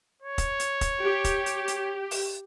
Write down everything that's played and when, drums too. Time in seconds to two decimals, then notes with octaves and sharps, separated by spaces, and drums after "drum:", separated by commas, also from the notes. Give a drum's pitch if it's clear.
0.22 C#5
0.38 drum: kick, hi-hat
0.60 drum: hi-hat
0.81 drum: kick, hi-hat
1.03 G4
1.24 drum: kick, hi-hat
1.46 drum: hi-hat
1.68 drum: hi-hat
2.11 drum: open hi-hat